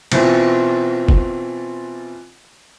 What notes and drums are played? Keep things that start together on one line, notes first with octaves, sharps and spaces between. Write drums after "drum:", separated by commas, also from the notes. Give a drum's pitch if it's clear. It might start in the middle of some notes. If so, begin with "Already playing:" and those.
B2 E3 C4 F4, drum: cymbal
drum: kick